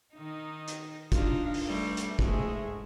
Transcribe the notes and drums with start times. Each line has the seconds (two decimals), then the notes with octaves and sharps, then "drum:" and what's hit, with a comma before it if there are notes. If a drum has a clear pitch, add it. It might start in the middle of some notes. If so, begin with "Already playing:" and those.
0.15 D#3 D#4
0.68 drum: hi-hat
1.12 D4 D#4 F4, drum: kick, hi-hat
1.54 drum: open hi-hat
1.67 G3 A3
1.97 drum: hi-hat
2.19 G#2 G#3 A3, drum: kick